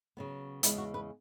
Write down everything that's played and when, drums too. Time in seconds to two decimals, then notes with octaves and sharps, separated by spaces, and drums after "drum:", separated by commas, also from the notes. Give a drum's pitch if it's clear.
0.17 C#3 F#3 B3
0.63 E2 C#3 G#3 B3 E4, drum: hi-hat
0.78 F#4
0.94 B4